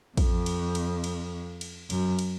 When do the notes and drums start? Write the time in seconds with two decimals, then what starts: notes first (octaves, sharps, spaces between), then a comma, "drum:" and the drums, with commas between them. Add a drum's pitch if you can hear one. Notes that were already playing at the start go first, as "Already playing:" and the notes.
0.17 F2, drum: kick, cymbal
0.46 drum: cymbal
0.75 drum: cymbal
1.04 drum: cymbal
1.61 drum: cymbal
1.90 F#2, drum: cymbal
2.19 drum: cymbal